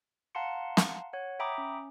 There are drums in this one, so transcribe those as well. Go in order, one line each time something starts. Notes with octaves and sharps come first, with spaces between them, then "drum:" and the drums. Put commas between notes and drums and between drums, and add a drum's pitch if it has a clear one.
F5 F#5 A5 A#5 C6 C#7
drum: snare
C#5 F#5
E5 G5 A#5 B5 D6 D#6
C#4